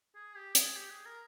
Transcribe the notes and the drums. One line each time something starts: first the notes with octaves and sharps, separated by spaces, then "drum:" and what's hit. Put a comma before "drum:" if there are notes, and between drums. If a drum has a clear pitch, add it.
G#4
G4
G#4, drum: hi-hat
G4
G#4
A#4